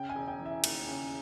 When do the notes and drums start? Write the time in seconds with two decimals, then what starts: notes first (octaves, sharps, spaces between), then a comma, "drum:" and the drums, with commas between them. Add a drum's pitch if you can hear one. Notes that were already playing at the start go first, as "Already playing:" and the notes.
Already playing: C#3 G5
0.09 G#5
0.15 E1
0.28 G5
0.40 E3
0.46 E5
0.64 D#2, drum: cymbal
0.87 C#3